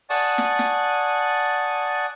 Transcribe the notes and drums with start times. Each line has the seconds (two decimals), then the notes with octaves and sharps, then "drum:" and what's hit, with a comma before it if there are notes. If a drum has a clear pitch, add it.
0.10 D5 F#5 G#5 A5 C#6 D#6, drum: open hi-hat
0.38 drum: snare
0.59 drum: snare